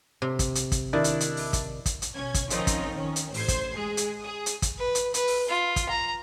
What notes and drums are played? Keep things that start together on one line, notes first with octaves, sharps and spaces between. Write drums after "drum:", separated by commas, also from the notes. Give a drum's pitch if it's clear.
C3
drum: kick, hi-hat
drum: hi-hat
drum: kick, hi-hat
D#3 D4 E4 D5
drum: hi-hat
drum: hi-hat
drum: open hi-hat
drum: kick, hi-hat
drum: kick, hi-hat
drum: hi-hat
B2 C#4 G#6
drum: kick, hi-hat
D#3 F3 C4 C#4 D#4 F4, drum: hi-hat
drum: kick, hi-hat
D#3 C#4
drum: hi-hat
A1 C5 G#6 C7, drum: open hi-hat
drum: kick, hi-hat
G#3 G#4
drum: hi-hat
G#4 D#6
drum: hi-hat
drum: kick, hi-hat
B4
drum: hi-hat
B4, drum: hi-hat
drum: open hi-hat
F4
drum: kick, hi-hat
A#5